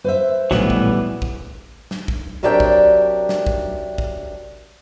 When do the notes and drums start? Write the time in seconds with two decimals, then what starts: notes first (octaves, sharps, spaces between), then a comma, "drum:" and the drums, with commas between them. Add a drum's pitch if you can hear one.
0.04 B4 C5 E5
0.51 A#1 A2 E3 F#3 G3 A3 B3, drum: snare
0.70 drum: kick
1.22 drum: kick
1.91 drum: snare
2.08 drum: kick
2.43 C3 F#3 D4 G4 A#4 G5
2.60 drum: kick
3.29 drum: snare
3.47 drum: kick
3.98 drum: kick